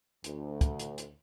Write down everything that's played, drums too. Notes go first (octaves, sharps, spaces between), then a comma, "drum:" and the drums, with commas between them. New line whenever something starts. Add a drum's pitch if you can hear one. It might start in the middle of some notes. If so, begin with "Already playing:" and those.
D2, drum: hi-hat
drum: kick, hi-hat
drum: hi-hat
drum: hi-hat